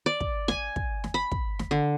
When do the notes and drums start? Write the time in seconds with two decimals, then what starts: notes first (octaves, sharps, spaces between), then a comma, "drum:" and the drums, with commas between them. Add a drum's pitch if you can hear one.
0.06 D5
0.20 drum: kick
0.48 G#5, drum: snare
0.76 drum: kick
1.04 drum: snare
1.14 B5
1.32 drum: kick
1.59 drum: snare
1.71 D3